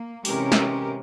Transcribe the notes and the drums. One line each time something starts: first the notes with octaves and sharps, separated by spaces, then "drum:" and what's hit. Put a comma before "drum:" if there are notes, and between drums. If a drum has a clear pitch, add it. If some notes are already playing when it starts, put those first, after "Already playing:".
Already playing: A#3
C3 E3 G#3 C#4 G4 A#4, drum: open hi-hat
drum: snare